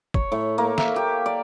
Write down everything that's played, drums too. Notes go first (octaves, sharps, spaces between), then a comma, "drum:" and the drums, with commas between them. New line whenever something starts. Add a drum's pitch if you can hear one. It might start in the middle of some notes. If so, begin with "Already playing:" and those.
C#5, drum: kick
A2
A#3
E5, drum: snare
G4
D5